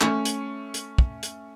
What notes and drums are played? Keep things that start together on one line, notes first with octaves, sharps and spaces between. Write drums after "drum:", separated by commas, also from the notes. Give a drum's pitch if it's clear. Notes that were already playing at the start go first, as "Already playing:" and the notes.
A3 C#4, drum: clap
drum: hi-hat
drum: hi-hat
drum: kick
drum: hi-hat